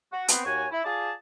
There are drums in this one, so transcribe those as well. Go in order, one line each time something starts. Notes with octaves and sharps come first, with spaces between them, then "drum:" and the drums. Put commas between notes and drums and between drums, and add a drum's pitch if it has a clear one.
F#4
B3 C4, drum: hi-hat
D#2 F#4 C#5 G#5
E4
F4 G#4 D5 A5